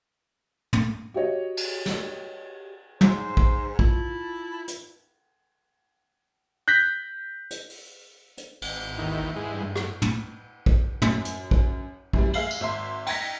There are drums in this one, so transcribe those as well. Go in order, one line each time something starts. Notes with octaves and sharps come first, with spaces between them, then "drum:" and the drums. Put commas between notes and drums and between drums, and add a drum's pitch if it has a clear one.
drum: tom
F#4 G4 C#5 D#5
drum: cymbal
drum: snare
G#2 F#3 G#3 C5, drum: tom
drum: kick A#1
E4 F4 A5, drum: kick A#1
drum: hi-hat
F#6 G6 A#6 B6
drum: hi-hat
drum: open hi-hat
drum: hi-hat
G#1, drum: cymbal
D#2 D#3 E3
G#2 E3 G#3
G2
F#3, drum: rim click
drum: tom
drum: kick A#1
F#2, drum: tom
drum: hi-hat
drum: kick A#1
F#2 E3 G3, drum: kick A#1
G#3 E5 F5 C7 F#7, drum: cymbal
drum: tambourine
G#1 E5 C6
G5 A#5 G#6 A#6 B6, drum: cymbal